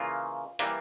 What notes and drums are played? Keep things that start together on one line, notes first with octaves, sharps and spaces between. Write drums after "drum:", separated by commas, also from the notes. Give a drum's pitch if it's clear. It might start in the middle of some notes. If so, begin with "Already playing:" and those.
Already playing: C#3 E3 A#3 F4
E3 G3 A#3, drum: hi-hat